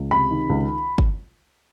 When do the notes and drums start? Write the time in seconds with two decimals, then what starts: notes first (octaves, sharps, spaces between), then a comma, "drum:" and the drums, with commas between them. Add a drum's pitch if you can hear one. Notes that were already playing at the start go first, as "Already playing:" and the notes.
Already playing: C#2
0.11 C3 B5
0.31 D#3
0.49 C#2
0.98 drum: kick G1